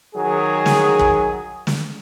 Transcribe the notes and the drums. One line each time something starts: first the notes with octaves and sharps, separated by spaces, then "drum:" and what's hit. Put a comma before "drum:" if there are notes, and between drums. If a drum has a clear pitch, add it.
D#3 F#3 G#4
drum: snare
drum: kick
drum: snare